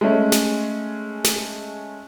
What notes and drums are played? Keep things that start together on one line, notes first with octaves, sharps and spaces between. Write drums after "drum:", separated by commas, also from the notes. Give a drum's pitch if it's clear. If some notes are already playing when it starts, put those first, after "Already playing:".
G#3 A3 C#4
drum: snare
drum: snare